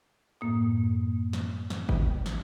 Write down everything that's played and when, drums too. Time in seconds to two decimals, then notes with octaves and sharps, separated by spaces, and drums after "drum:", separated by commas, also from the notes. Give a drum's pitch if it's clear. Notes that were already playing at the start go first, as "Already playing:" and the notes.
0.41 F#2 A2 A#3 D#6
1.33 drum: snare
1.70 drum: snare
1.89 drum: kick G1
2.26 drum: snare